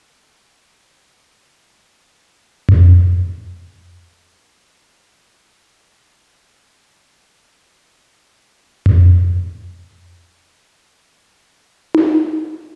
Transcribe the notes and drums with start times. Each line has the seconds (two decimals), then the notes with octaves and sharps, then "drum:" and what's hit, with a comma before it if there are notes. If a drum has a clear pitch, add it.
0.20 G#3 A3 C4 C#5 F5 G5
2.69 drum: tom F2
4.39 E4
4.59 A1 D#2 F5 C#6 G#6 F7
4.78 D3 D#3 E4 B6 F7
5.00 A#4 G#5
5.31 C2 F5 F#5 A5 C6 C#6
6.62 B3 A#5 B5
8.86 drum: tom F2
10.37 D#6
11.94 drum: tom D#4
12.25 D3 D4